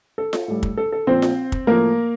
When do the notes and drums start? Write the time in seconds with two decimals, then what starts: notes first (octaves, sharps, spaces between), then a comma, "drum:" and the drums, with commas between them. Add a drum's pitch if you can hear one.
0.18 A4
0.33 drum: snare F4
0.48 A2 G3
0.63 drum: kick
0.77 A4
0.92 A4
1.07 A#2 F3 C4 C5
1.22 drum: snare F4
1.52 drum: kick
1.67 A2 F3 A#3 A#4